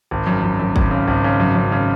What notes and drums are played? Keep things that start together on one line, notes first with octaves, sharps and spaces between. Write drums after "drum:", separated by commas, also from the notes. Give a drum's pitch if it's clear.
G#1
F#2
F#2
F#2
G#1, drum: kick G1
C#3
G#1
C#3
F#2
F#2
C#3